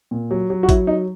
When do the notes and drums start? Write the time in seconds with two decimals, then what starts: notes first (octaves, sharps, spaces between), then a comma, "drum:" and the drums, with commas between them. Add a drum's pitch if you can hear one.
0.11 A#2
0.31 F#3
0.50 F#3
0.63 F#4
0.69 F#3 E4, drum: kick A1, hi-hat
0.87 F#3 D#4